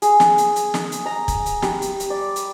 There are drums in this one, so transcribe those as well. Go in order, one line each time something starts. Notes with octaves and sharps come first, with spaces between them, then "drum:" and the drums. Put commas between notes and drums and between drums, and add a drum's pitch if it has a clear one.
G#4, drum: hi-hat
drum: snare
drum: hi-hat
drum: hi-hat
drum: snare
drum: hi-hat
A#5
drum: kick, hi-hat
drum: hi-hat
G3, drum: snare
drum: hi-hat
drum: hi-hat
D5
drum: hi-hat